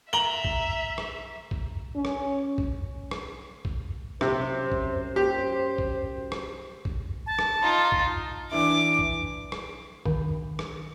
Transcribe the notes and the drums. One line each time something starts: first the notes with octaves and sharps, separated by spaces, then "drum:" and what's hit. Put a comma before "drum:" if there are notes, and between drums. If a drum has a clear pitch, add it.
E5 A#5 F#7 G7
drum: kick
drum: rim click
drum: kick
C#4
drum: rim click
drum: kick
drum: rim click
drum: kick
F#2 C3 C5, drum: rim click
drum: kick
G4
drum: kick
drum: rim click
drum: kick
A5
drum: rim click
D#4 F4
drum: kick
E3 D4 E4 D6
drum: kick
drum: rim click
D#3, drum: kick
drum: rim click